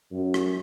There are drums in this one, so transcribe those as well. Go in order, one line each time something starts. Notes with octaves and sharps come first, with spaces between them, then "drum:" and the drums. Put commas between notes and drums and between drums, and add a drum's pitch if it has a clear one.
F#2
drum: rim click